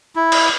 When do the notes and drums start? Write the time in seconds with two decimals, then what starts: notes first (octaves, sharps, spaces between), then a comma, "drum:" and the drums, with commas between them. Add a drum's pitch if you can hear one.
0.16 E4
0.32 drum: cymbal